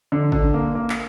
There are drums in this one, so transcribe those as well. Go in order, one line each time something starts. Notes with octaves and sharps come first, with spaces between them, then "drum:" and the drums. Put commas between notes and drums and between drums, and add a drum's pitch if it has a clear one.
D3
D3, drum: kick
A#3
A#3
drum: clap